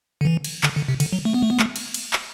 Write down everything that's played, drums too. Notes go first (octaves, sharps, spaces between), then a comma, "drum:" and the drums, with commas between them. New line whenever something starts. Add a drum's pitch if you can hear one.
D3
E3
drum: cymbal
D3, drum: clap
D3
C3
D3, drum: cymbal
F#3
A3
B3
A3
B3
A3, drum: clap
drum: cymbal
drum: cymbal
drum: clap